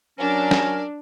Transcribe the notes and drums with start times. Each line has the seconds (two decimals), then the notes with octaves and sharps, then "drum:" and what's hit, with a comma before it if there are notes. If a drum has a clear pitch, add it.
0.19 F#3 C#4 D4 A#4
0.51 drum: snare